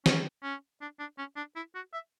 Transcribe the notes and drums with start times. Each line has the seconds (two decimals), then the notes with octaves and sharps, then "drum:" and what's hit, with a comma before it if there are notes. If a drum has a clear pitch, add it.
0.06 C#4, drum: snare
0.43 C#4
0.81 D4
0.99 D4
1.18 C#4
1.36 D4
1.56 E4
1.75 F#4
1.93 E5